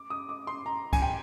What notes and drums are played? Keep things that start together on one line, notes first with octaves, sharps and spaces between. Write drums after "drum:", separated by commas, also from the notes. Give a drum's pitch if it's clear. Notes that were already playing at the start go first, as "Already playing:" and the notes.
Already playing: D6
D#6
D6
C6
A#5
G#5, drum: kick C2, cymbal
G5